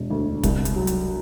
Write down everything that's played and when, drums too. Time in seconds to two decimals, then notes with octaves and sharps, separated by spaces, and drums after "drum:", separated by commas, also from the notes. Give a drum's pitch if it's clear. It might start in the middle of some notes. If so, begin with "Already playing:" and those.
Already playing: E1
0.11 D2
0.43 C2, drum: kick, hi-hat
0.65 drum: hi-hat
0.76 F#3
0.87 drum: hi-hat